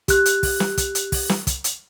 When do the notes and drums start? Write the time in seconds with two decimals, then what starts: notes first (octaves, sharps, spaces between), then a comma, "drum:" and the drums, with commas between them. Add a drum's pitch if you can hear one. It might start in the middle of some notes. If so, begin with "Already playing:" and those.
0.08 G4 F#6, drum: kick, hi-hat
0.26 drum: hi-hat
0.43 drum: kick, open hi-hat
0.60 drum: snare
0.77 drum: kick, hi-hat
0.95 drum: hi-hat
1.12 drum: kick, open hi-hat
1.29 drum: snare
1.47 drum: kick, hi-hat
1.64 drum: hi-hat